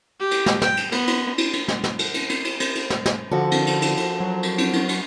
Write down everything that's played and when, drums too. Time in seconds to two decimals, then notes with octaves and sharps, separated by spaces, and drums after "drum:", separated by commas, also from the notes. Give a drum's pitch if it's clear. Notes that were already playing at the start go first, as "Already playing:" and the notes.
0.20 G4
0.31 drum: cymbal
0.46 drum: snare
0.62 G5, drum: snare
0.77 drum: cymbal
0.92 B3, drum: cymbal
1.07 drum: cymbal
1.38 drum: cymbal
1.53 drum: cymbal
1.68 drum: snare
1.84 drum: snare
1.99 drum: cymbal
2.14 drum: cymbal
2.29 drum: cymbal
2.45 drum: cymbal
2.60 drum: cymbal
2.75 drum: cymbal
2.90 drum: snare
3.06 drum: snare
3.31 D3 F3 F#4 A4
3.51 drum: cymbal
3.67 drum: cymbal
3.82 drum: cymbal
3.97 drum: cymbal
4.20 F#3
4.43 drum: cymbal
4.58 drum: cymbal
4.73 drum: cymbal
4.89 drum: cymbal